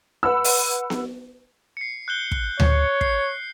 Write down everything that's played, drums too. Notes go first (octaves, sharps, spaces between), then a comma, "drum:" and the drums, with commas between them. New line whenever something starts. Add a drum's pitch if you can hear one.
B4 F#5 B5 E6
drum: open hi-hat
drum: snare B3
C7 C#7
F#6 G6 G7
drum: kick
C#5, drum: tom D2
C7, drum: kick